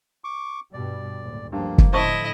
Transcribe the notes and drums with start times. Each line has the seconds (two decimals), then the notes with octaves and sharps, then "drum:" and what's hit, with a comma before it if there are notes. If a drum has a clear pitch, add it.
0.24 C#6 D6
0.73 G2 B2 G3 D5
1.21 F#1 D2 A2
1.53 G2 F3 A#3
1.78 drum: kick
1.93 A2 D3 F3 E4 C5 D#5 A5 C#6